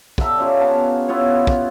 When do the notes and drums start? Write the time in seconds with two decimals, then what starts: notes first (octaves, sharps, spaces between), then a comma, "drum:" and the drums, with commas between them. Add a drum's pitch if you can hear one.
0.18 D3 G4 E5 A#5, drum: kick
0.38 C#4 F4 G4
0.60 B3 F5 A5 A#5
1.08 B3 E4 F4 C#5
1.47 drum: kick